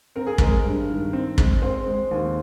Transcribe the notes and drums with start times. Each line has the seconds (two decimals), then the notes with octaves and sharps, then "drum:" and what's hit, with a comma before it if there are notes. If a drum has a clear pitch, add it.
0.16 C4 A#4
0.27 G#4
0.38 G#3 A#4, drum: kick
0.65 G2
0.89 D#3
1.13 C4
1.38 G#3, drum: kick
1.62 C4 C5
1.86 G#3
2.11 D#2